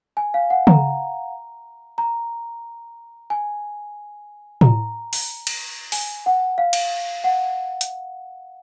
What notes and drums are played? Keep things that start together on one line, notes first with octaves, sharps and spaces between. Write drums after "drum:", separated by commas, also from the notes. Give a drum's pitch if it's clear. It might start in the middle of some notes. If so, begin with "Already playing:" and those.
G#5
F5
F#5
A#5, drum: tom
A#5
G#5
A#5, drum: tom A2
drum: open hi-hat
drum: cymbal
G#5, drum: open hi-hat
F#5
F5
drum: cymbal
F#5
drum: hi-hat